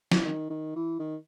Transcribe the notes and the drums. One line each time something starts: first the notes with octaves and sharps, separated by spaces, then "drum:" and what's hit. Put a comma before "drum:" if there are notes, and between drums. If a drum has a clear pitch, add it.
E3, drum: snare
D#3
D#3
E3
D#3